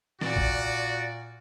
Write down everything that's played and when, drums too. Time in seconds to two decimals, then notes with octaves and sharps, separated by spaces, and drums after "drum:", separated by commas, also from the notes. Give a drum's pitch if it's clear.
0.21 A#2 F#4 D5, drum: snare
0.36 drum: kick A1